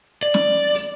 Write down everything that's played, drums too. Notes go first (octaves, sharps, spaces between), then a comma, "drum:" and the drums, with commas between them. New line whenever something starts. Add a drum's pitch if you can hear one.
D5
drum: snare
drum: open hi-hat